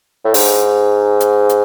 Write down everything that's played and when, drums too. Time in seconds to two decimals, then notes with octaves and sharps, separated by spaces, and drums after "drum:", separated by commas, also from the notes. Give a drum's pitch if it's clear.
0.25 A2
0.34 G#2, drum: open hi-hat
1.20 drum: hi-hat
1.49 drum: hi-hat